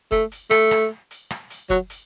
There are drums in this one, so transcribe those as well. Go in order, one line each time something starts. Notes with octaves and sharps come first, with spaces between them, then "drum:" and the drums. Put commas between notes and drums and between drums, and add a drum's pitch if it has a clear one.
A3, drum: kick F#1
drum: hi-hat
A3, drum: rim click
drum: rim click
drum: hi-hat
drum: rim click
drum: hi-hat
F#3, drum: kick F#1
drum: hi-hat